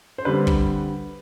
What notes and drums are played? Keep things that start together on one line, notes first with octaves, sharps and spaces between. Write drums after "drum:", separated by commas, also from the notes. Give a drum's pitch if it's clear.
C5
D3 G3 C4 B4
drum: kick